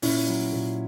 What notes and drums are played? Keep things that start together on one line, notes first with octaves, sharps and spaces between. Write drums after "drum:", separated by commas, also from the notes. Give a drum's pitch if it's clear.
A#2 C#4 E4, drum: open hi-hat
F#3
A#2